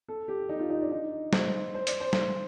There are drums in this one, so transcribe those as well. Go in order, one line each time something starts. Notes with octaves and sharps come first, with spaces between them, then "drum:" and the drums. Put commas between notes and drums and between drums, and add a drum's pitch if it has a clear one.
A4
G4
D#4
F4
D#4
D4
D#4
C5, drum: snare
C5
D5, drum: hi-hat
C5
drum: snare